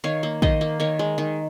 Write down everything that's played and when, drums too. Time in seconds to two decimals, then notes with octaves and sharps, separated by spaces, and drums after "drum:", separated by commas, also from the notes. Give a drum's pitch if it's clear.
0.04 D#3 C#5 F5
0.23 A#3
0.42 D#3 C5 D#5, drum: kick
0.61 A#3
0.80 D#3 A#4 C#5
0.99 G#3
1.18 D#3